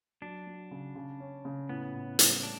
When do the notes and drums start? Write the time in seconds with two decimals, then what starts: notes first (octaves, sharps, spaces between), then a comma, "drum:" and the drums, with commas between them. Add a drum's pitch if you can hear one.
0.21 F#3 D4
0.46 F#3
0.71 C#3
0.95 C#3
1.20 C#4
1.45 C#3
1.69 A2 B3
1.94 A2
2.19 G3, drum: hi-hat
2.43 A3 D4